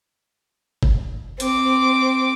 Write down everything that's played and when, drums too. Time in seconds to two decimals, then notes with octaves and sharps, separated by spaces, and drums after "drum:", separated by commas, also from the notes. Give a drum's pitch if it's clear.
0.83 drum: kick G1
1.40 C4 D6, drum: hi-hat